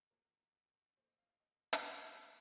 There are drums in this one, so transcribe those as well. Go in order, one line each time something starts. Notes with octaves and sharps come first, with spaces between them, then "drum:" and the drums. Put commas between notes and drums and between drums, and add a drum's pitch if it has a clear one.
A#2 F3 A3 A#4
A#2 A3 C5
D#5
F5
F5
D#5
drum: hi-hat
A#2 F3 A3